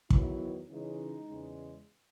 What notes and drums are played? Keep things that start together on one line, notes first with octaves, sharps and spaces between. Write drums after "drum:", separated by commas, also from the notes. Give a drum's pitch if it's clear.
E2 D#3 F#3 B3 E4, drum: kick
C#3 E3 G#3 C#4 D#4
E2 C#3 G#3